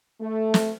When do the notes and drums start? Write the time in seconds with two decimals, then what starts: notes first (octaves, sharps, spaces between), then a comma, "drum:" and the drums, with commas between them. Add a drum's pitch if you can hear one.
0.21 A3
0.54 drum: snare